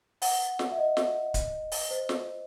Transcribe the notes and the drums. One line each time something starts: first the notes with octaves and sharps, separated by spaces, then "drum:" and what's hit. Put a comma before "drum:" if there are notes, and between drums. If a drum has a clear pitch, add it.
F#5, drum: open hi-hat
drum: snare
E5
D#5
drum: snare
drum: kick D1, hi-hat
drum: open hi-hat
C5
drum: snare